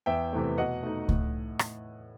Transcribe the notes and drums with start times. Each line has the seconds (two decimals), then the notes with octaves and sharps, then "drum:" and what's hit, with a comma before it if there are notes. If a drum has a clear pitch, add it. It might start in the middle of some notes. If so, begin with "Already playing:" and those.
0.06 E2 E5 G5
0.33 C3 E3 A3
0.58 B2 D#5 F#5
0.83 A3 D#4
1.09 A2, drum: kick C#2
1.59 drum: rim click